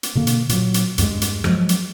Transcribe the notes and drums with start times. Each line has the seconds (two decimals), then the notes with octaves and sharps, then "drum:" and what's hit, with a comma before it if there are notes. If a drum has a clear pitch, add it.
0.03 drum: hi-hat
0.15 B2 D3 A#3
0.27 drum: hi-hat
0.49 A#2 F#3, drum: hi-hat
0.74 drum: hi-hat
0.98 E2 G2 G3 G#3, drum: hi-hat
1.22 drum: hi-hat
1.44 F3 F#3 G#3, drum: rim click
1.69 drum: hi-hat